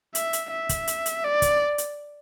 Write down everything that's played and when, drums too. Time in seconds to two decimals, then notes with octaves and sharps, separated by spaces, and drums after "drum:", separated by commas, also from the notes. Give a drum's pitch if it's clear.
0.15 E5, drum: hi-hat
0.33 drum: hi-hat
0.51 E5
0.69 drum: kick, hi-hat
0.87 drum: hi-hat
1.06 drum: hi-hat
1.24 D5
1.42 drum: kick, hi-hat
1.78 drum: hi-hat